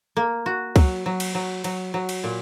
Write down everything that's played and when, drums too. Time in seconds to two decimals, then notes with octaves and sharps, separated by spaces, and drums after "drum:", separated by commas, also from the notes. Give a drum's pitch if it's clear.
0.17 A#3
0.46 F#4
0.76 F#3, drum: kick C#2, cymbal
1.06 F#3
1.20 drum: cymbal
1.35 F#3
1.64 F#3, drum: cymbal
1.94 F#3
2.09 drum: cymbal
2.24 A#2